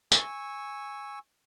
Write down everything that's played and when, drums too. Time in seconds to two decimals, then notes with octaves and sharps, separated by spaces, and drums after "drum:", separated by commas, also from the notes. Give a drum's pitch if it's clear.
0.12 G#5 C#6 E6, drum: tambourine